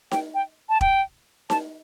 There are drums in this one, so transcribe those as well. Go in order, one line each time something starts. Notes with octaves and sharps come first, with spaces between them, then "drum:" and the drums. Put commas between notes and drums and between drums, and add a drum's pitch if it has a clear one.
G5, drum: snare D#4
G5
A5
G5, drum: kick E1
A5, drum: snare D#4